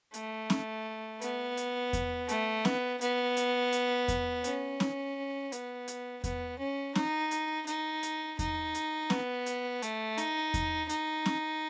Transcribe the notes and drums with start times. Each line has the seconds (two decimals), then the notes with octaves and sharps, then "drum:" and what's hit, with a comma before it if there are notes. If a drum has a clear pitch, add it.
0.14 A3, drum: hi-hat
0.50 drum: snare
1.21 B3, drum: hi-hat
1.57 drum: hi-hat
1.93 drum: kick E2, hi-hat
2.29 A3, drum: hi-hat
2.65 B3, drum: snare
3.01 B3, drum: hi-hat
3.37 drum: hi-hat
3.72 drum: hi-hat
4.08 drum: kick E2, hi-hat
4.44 C#4, drum: hi-hat
4.80 drum: snare
5.52 B3, drum: hi-hat
5.88 drum: hi-hat
6.24 B3, drum: kick E2, hi-hat
6.59 C#4
6.95 D#4, drum: snare
7.31 drum: hi-hat
7.67 D#4, drum: hi-hat
8.03 drum: hi-hat
8.39 D#4, drum: kick E2, hi-hat
8.75 drum: hi-hat
9.10 B3, drum: snare
9.46 drum: hi-hat
9.82 A3, drum: hi-hat
10.18 D#4, drum: hi-hat
10.54 drum: kick E2, hi-hat
10.89 D#4, drum: hi-hat
11.26 drum: snare